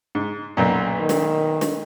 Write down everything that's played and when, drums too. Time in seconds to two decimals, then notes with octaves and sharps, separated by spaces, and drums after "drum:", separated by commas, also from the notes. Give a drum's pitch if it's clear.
0.15 G#2
0.57 B1 F#2 A#2
1.00 D#3
1.09 drum: snare
1.61 drum: snare